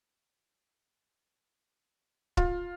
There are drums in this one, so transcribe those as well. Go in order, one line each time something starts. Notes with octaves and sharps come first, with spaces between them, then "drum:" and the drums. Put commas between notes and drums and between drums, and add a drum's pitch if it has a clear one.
F4, drum: kick C#1